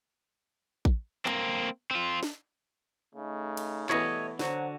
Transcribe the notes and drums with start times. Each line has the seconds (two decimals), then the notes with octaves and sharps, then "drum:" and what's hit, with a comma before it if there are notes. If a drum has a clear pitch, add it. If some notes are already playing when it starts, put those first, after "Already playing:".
0.85 drum: kick A1
1.25 A#3 C4, drum: clap
1.91 C4 F4
2.23 drum: snare
3.15 C#3 A3 D#4
3.57 drum: cymbal
3.90 B2 E3 G3 A3 B3 C#5 D#5, drum: clap
4.39 D3 F#3 F#4 C5, drum: snare